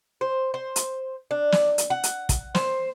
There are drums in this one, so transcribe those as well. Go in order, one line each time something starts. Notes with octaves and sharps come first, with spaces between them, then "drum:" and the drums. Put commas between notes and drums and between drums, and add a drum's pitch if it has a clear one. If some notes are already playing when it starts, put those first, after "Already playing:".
C5
C5
drum: hi-hat
D4
drum: snare
drum: hi-hat
F#5
drum: hi-hat
drum: kick, hi-hat
C5, drum: snare